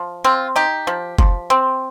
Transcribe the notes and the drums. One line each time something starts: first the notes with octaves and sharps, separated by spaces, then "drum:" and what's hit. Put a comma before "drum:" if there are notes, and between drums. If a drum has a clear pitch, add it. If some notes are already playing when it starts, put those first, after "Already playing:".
Already playing: F3
C4 F4
D#4 G4
F3
F3, drum: kick F#1
C4